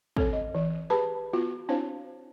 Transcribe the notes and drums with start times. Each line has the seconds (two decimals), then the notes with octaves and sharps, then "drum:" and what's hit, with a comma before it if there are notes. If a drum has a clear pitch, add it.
0.17 C4 A4 C#5, drum: kick
0.33 D#5
0.55 E3
0.90 G4 G#4 B4 A5 B5
1.33 B3 F4 F#4
1.69 C4 D4 E4 C5 C#5 F5